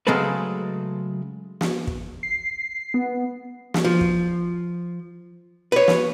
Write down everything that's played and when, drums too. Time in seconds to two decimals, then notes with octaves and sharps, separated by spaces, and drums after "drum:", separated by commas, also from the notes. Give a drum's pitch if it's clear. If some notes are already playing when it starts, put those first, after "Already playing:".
0.07 C#3 F#3 G#3 A3 A4 B4
1.61 drum: snare
1.87 drum: kick
2.23 C7
2.94 B3
3.74 drum: snare
3.85 F3
4.01 drum: kick
5.72 B4 C#5
5.88 drum: snare